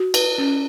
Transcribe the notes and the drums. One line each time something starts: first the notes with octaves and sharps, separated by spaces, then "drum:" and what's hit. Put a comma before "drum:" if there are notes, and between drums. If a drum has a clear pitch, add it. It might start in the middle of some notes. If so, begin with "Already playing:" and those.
Already playing: F#4
B4, drum: cymbal
C#4